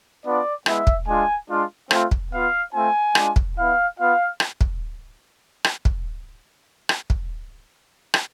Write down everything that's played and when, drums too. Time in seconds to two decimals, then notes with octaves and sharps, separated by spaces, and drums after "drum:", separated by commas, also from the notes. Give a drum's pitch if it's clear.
0.24 B3 D4 F4 D5
0.66 G#3 B3 E4 E5, drum: rim click
0.87 drum: kick
1.07 G#3 D4 F4 G#5
1.49 G#3 D4 F4
1.91 A3 C4 F4, drum: rim click
2.11 drum: kick
2.32 B3 F4 F5
2.73 A3 C4 F4 G#5
3.15 G#3 D4 F4, drum: rim click
3.36 drum: kick
3.56 B3 E4 F5
3.98 B3 F4 F5
4.40 drum: rim click
4.61 drum: kick
5.64 drum: rim click
5.85 drum: kick
6.89 drum: rim click
7.10 drum: kick
8.14 drum: rim click